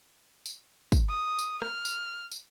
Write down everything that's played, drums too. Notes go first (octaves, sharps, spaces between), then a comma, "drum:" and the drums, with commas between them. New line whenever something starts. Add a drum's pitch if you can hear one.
drum: tambourine
drum: kick, tambourine
D#6
drum: tambourine
F6, drum: rim click
drum: tambourine
drum: tambourine